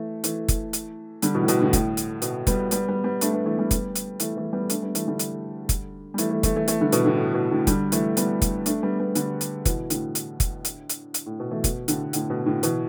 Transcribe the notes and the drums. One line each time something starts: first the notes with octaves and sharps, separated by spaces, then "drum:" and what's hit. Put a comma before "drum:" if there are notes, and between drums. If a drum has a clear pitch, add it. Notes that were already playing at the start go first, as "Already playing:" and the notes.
Already playing: E3 A3
E3 A3, drum: hi-hat
drum: kick F#1, hi-hat
drum: hi-hat
D3 G3, drum: hi-hat
B2 E3
A2
B2, drum: hi-hat
A2 D3
A2, drum: kick F#1, hi-hat
drum: hi-hat
B2, drum: hi-hat
G3 B3, drum: kick F#1, hi-hat
G3 B3, drum: hi-hat
G3 B3
G3 B3
A3 D4, drum: hi-hat
G3 B3
E3 A3
G3 B3
drum: kick F#1, hi-hat
drum: hi-hat
E3 A3, drum: hi-hat
E3 A3
G3 B3
A3 D4, drum: hi-hat
G3 B3
E3 A3, drum: hi-hat
D3 G3
drum: hi-hat
drum: kick F#1, hi-hat
G3
E3 A3, drum: hi-hat
E3 A3
E3 A3, drum: kick F#1, hi-hat
E3 A3
E3 A3, drum: hi-hat
D3 G3
B2 E3, drum: hi-hat
A2 D3
A2
B2
A2 D3
D3 G3, drum: kick F#1, hi-hat
E3 A3, drum: hi-hat
G3 B3, drum: hi-hat
drum: kick F#1, hi-hat
A3 D4, drum: hi-hat
G3 B3
G3 B3
D3 G3, drum: hi-hat
drum: hi-hat
B2 E3, drum: kick F#1, hi-hat
A2 D3, drum: hi-hat
drum: hi-hat
drum: kick F#1, hi-hat
drum: hi-hat
drum: hi-hat
drum: hi-hat
A2
B2
E3 A3
B2, drum: kick F#1, hi-hat
A2 D3, drum: hi-hat
A2 D3, drum: hi-hat
B2
A2 D3
B2 E3, drum: hi-hat